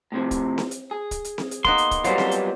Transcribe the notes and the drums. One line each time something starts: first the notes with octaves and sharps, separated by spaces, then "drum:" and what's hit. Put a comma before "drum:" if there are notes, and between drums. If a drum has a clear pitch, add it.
A2 C3 F3
drum: kick, hi-hat
drum: snare C4
drum: hi-hat
G#4
drum: kick, hi-hat
drum: hi-hat
drum: snare C4
drum: hi-hat
A#3 B3 D#4 C6, drum: kick
drum: hi-hat
drum: kick, hi-hat
F#3 G3 A#3 B3 F4 C5, drum: hi-hat
drum: snare C4
drum: hi-hat